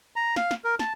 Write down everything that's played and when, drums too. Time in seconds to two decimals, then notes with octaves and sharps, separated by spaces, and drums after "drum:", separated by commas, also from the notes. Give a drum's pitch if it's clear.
0.16 A#5
0.36 F5, drum: snare
0.51 drum: snare
0.64 A#4
0.79 A5, drum: snare